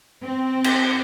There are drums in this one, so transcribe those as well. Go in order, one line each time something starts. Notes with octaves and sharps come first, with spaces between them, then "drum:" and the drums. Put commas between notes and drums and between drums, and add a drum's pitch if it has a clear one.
C4
drum: cymbal